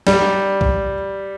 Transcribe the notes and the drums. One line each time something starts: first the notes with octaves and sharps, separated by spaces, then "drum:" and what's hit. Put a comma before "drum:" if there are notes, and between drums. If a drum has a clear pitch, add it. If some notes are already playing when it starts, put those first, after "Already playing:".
G3, drum: snare
drum: kick B1